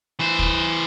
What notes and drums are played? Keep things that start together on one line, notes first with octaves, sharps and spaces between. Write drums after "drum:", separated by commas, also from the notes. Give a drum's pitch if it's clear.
E3 C5
drum: kick